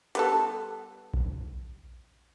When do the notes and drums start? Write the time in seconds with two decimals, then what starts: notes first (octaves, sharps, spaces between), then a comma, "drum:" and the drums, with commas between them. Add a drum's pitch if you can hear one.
0.15 G3 B3 A4, drum: hi-hat
1.14 drum: kick A#1